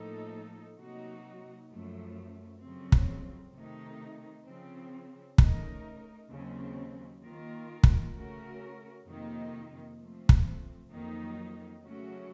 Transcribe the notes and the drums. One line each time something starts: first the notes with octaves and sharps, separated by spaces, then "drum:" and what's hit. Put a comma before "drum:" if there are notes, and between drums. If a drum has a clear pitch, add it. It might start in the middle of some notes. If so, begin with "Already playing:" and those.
Already playing: A2 F3 A#3 D#4 A4
C3 F#3 A#3 D#4 F#4
F#2 F3 A3
F2 C#3 F#3 C4
drum: kick
C3 D#3 A3 D#4
C#3 F3 C4
C#3 A3 D#4 A#4, drum: kick
D#2 C#3 F#3 C4
D#3 A#3 F4 A#4
drum: kick
C#3 A3 C#4 F#4 A#4
F2 C3 D#3 A#3 D#4
F3 A3 C4
drum: kick
F2 D#3 F#3 A#3 D#4
C#3 F#3 A3 C#4 F#4